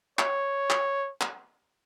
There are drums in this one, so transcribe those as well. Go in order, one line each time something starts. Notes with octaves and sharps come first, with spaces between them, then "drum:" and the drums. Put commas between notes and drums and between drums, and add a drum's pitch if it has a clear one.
C#5, drum: clap
drum: clap
drum: clap